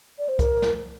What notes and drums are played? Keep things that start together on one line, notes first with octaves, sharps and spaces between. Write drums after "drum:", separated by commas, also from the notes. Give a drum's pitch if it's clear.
D5
C5
A#4, drum: kick C2, hi-hat
drum: snare